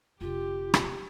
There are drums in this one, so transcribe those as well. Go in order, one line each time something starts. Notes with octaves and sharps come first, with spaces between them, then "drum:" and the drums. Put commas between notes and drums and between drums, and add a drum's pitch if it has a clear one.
F1 D3 F4 G4
drum: rim click